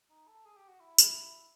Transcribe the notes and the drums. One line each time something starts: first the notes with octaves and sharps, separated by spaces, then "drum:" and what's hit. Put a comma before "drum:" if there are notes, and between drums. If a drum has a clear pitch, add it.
D#4
A4
G#4
G4
F#4
E4
drum: tambourine